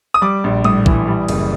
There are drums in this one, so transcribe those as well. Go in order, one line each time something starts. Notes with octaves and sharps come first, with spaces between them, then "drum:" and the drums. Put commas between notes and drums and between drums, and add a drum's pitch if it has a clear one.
D#6
G3 D6
A#1
A2 D#6, drum: tom G3
E3, drum: kick
G3
F#1, drum: cymbal